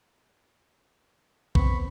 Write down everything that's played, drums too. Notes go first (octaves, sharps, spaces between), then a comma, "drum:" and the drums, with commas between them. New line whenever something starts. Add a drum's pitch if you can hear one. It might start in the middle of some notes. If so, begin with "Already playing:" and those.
B3 C4 B5 C#6, drum: kick B1